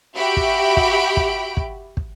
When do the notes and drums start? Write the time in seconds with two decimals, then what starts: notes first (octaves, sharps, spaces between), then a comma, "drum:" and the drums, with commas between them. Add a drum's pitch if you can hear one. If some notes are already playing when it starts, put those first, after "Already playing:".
0.17 F#4 G4 E5 B5 D7
0.37 drum: kick
0.77 drum: kick
1.17 drum: kick
1.57 drum: kick
1.97 drum: kick